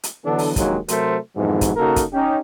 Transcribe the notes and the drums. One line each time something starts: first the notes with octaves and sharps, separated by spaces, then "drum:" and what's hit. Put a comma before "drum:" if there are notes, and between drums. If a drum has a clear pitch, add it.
drum: hi-hat
D3 E3 F#3 B3 D4 A4
drum: open hi-hat
A#1 D#2 D#3 F#3 G#3 A#3, drum: kick, hi-hat
C3 F#3 A3 A#4 C5, drum: hi-hat
F2 G#2 B2 D#3 E3 F#3
drum: kick, hi-hat
C#3 A#3 D#4 F#4 A4 A#4
drum: kick, hi-hat
C#4 D#4 G4